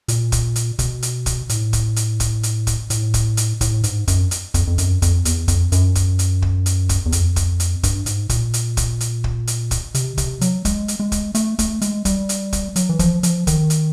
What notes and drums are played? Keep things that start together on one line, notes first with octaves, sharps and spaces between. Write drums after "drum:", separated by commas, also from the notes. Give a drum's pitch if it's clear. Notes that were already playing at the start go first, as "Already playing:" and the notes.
A#2, drum: hi-hat
drum: kick, hi-hat
drum: hi-hat
B2, drum: kick, hi-hat
drum: hi-hat
drum: kick, hi-hat
A2, drum: hi-hat
drum: kick, hi-hat
drum: hi-hat
drum: kick, hi-hat
drum: hi-hat
drum: kick, hi-hat
A2, drum: hi-hat
drum: kick, hi-hat
drum: hi-hat
A2, drum: kick, hi-hat
G#2, drum: hi-hat
F#2, drum: kick, hi-hat
drum: hi-hat
F2, drum: kick, hi-hat
F2
F#2, drum: hi-hat
F2, drum: kick, hi-hat
E2, drum: hi-hat
F2, drum: kick, hi-hat
F#2, drum: hi-hat
drum: kick, hi-hat
drum: hi-hat
drum: kick
drum: hi-hat
drum: kick, hi-hat
E2
F2, drum: hi-hat
drum: kick, hi-hat
drum: hi-hat
G2, drum: kick, hi-hat
G#2, drum: hi-hat
A#2, drum: kick, hi-hat
drum: hi-hat
drum: kick, hi-hat
drum: hi-hat
drum: kick
drum: hi-hat
drum: kick, hi-hat
C3, drum: hi-hat
C3, drum: kick, hi-hat
F#3, drum: hi-hat
G#3, drum: kick, hi-hat
drum: hi-hat
G#3
drum: kick, hi-hat
A3, drum: hi-hat
A3, drum: kick, hi-hat
G#3, drum: hi-hat
G3, drum: kick, hi-hat
drum: hi-hat
drum: kick, hi-hat
F#3, drum: hi-hat
E3
F3, drum: kick, hi-hat
F3, drum: hi-hat
D#3, drum: kick, hi-hat
drum: hi-hat